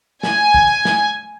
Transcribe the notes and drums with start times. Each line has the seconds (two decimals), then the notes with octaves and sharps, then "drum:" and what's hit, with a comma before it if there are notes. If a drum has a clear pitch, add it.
0.23 G#5, drum: snare
0.54 drum: kick
0.85 drum: snare